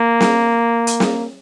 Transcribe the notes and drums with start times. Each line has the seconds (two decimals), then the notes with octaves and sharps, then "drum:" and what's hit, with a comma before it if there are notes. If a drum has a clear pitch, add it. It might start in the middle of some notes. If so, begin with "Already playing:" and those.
Already playing: A#3
0.20 drum: snare
0.87 drum: hi-hat
1.00 drum: snare